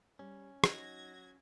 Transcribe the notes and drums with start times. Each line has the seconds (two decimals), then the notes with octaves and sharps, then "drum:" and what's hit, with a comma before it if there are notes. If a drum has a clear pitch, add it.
0.19 G3 C#4
0.64 F#3 D#4 G#6 A#6, drum: rim click